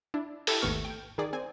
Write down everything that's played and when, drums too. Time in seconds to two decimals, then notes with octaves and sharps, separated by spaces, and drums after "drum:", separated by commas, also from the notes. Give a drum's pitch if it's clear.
0.14 D4 E4
0.47 E4 G4 A4 G6, drum: open hi-hat
0.62 G#1 D#2 A3 B3 C#6 F6
0.85 G5
1.18 D#3 G#4 D5
1.33 C4 G#5